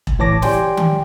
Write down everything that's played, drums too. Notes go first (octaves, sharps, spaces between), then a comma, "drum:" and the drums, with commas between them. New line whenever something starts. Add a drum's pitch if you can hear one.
drum: kick E1
A2 E3 C#5 A5 D6 A#6
G4 D5 G5 G#5 C6, drum: snare
drum: tom D#3